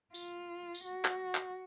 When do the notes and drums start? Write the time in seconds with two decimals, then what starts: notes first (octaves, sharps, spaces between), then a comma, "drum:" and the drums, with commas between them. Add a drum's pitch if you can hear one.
0.14 F4, drum: tambourine
0.75 drum: tambourine
0.85 F#4
1.05 drum: clap
1.35 drum: clap